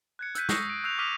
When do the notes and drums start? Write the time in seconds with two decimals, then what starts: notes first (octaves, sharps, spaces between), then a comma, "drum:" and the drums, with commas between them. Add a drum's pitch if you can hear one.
0.19 F#6 G#6 C#7
0.35 E6 F#6 G6 B6 D#7, drum: hi-hat
0.49 C#6 D#6 E6 A#6 C7 C#7, drum: snare
0.70 D7
0.84 E6 F#6 G6 C7 F7
0.98 D6 D#6 F6 B6 D#7 F7